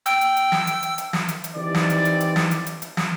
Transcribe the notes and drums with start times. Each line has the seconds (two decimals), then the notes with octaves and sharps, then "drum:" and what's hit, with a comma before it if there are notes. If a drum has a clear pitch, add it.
0.06 G5 E6, drum: hi-hat
0.21 drum: hi-hat
0.37 drum: hi-hat
0.52 drum: snare
0.67 drum: hi-hat
0.83 drum: hi-hat
0.98 drum: hi-hat
1.13 drum: snare
1.28 drum: hi-hat
1.44 drum: hi-hat
1.55 E3 C4 D#4 G4 D5
1.74 drum: snare
1.90 drum: hi-hat
2.05 drum: hi-hat
2.20 drum: hi-hat
2.36 drum: snare
2.51 drum: hi-hat
2.66 drum: hi-hat
2.82 drum: hi-hat
2.97 drum: snare